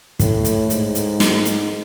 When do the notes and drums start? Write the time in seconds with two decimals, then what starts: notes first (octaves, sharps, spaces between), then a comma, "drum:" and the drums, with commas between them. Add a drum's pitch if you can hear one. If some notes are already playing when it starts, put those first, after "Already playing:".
0.20 A2, drum: kick, hi-hat
0.44 drum: hi-hat
0.70 G#2, drum: hi-hat
0.95 drum: hi-hat
1.20 drum: snare
1.45 drum: hi-hat